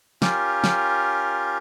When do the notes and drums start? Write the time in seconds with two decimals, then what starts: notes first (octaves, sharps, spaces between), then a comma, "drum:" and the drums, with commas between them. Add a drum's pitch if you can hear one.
0.22 C#4 F4 G4 A#4, drum: snare
0.64 drum: snare